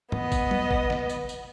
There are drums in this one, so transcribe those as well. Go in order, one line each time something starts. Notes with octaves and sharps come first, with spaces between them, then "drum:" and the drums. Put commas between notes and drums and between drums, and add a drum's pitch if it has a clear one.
B3 D#5, drum: tom
drum: kick G#1, tambourine
drum: tom F#3
drum: kick G#1
drum: snare
drum: tambourine
drum: tambourine